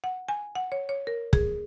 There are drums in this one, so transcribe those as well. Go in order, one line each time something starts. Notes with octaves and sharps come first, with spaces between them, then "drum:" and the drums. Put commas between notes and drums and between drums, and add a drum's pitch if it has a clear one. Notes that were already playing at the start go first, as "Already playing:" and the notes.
F#5
G#5
F#5
C#5
C#5
A#4
G#4, drum: kick